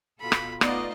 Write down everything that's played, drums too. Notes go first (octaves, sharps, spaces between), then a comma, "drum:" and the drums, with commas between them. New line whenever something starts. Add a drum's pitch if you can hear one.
B2 F4 A4 B5
drum: rim click
A3 B3 D#4 F4 D5 D#5, drum: rim click